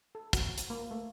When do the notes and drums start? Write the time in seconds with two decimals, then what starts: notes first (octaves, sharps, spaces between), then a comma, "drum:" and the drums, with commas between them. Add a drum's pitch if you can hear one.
0.15 A4
0.33 F#4, drum: kick, hi-hat
0.58 drum: hi-hat
0.70 A#3
0.91 A3